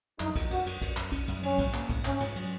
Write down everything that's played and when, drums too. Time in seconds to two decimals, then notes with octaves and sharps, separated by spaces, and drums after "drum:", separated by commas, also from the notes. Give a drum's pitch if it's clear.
0.20 F#2 D#4, drum: clap
0.36 F#2, drum: kick, cymbal
0.50 F#2 F#4, drum: cymbal
0.66 F#2, drum: cymbal
0.82 F#2, drum: kick, cymbal
0.97 F#2, drum: clap
1.12 C#4, drum: kick, cymbal
1.28 F#2, drum: cymbal
1.43 F#3 C#4, drum: cymbal
1.58 G#2, drum: kick, cymbal
1.74 A#3, drum: clap
1.89 G#2, drum: kick, cymbal
2.05 G#2 C#4, drum: clap
2.20 G#2, drum: cymbal
2.36 F#3, drum: cymbal